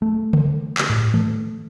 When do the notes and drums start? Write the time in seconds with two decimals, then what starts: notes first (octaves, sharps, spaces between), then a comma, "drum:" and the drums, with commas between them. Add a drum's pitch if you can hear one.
0.02 A3
0.33 drum: tom C#3
0.78 drum: clap
0.89 A2
1.14 A3, drum: tom D#3